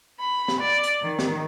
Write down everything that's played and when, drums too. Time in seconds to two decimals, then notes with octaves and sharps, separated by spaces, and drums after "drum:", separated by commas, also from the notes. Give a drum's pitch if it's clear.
0.20 B5
0.48 drum: snare
0.61 D5
0.84 drum: hi-hat
1.01 D#3
1.19 drum: snare